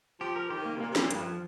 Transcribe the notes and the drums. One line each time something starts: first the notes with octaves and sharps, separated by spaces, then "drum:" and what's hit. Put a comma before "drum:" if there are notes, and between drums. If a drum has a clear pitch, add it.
F3 G4
A#4
D#3 G4
A#3
C3
A#2 A#3
C3
F3, drum: snare
A#2
G2 F3, drum: hi-hat
F2